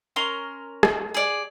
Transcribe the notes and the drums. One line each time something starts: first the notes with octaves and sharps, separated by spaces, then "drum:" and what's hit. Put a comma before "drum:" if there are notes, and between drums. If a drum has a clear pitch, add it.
C#4 A#4 C6
drum: rim click
G#4 D5